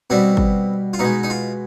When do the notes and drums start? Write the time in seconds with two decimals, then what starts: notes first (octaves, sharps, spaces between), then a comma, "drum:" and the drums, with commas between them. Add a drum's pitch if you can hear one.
0.10 B2 G3 C4
0.37 drum: kick
0.94 F4
0.99 B2 G#3 D#4
1.23 D#4
1.30 F4